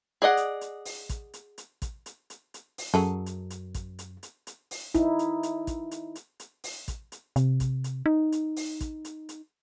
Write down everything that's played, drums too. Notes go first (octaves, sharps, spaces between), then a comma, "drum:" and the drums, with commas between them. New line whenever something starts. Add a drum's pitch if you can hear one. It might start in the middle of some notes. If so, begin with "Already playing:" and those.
G#4 D5 D#5 F#5
drum: hi-hat
drum: hi-hat
drum: open hi-hat
drum: kick, hi-hat
drum: hi-hat
drum: hi-hat
drum: kick, hi-hat
drum: hi-hat
drum: hi-hat
drum: hi-hat
drum: open hi-hat
F#2 F#3 G#4 A4
drum: hi-hat
drum: hi-hat
drum: kick, hi-hat
drum: hi-hat
drum: hi-hat
drum: hi-hat
drum: open hi-hat
D#4 E4, drum: kick, hi-hat
drum: hi-hat
drum: hi-hat
drum: kick, hi-hat
drum: hi-hat
drum: hi-hat
drum: hi-hat
drum: open hi-hat
drum: kick, hi-hat
drum: hi-hat
C3, drum: hi-hat
drum: kick, hi-hat
drum: hi-hat
D#4
drum: hi-hat
drum: open hi-hat
drum: kick, hi-hat
drum: hi-hat
drum: hi-hat